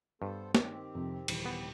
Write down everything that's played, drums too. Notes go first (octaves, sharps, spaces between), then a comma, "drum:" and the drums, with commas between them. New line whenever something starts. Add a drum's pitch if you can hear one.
G2 B3 A4 C5
D#3 C4 G4, drum: snare
F2 C3
D#1 E3, drum: cymbal
B3